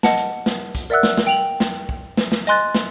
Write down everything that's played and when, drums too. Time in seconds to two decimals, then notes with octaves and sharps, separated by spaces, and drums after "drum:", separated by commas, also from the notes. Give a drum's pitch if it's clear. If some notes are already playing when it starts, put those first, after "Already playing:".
0.03 D#5 F#5 A5, drum: snare
0.18 drum: hi-hat
0.46 drum: snare
0.75 drum: kick, hi-hat
0.90 A#4 D5 E5 F#5 E6 F#6
1.03 drum: snare
1.17 drum: snare
1.27 G5 F7 F#7
1.60 drum: snare
1.89 drum: kick
2.17 drum: snare
2.32 drum: snare
2.47 D#5 G#5 C6 F#6 A6, drum: hi-hat
2.75 drum: snare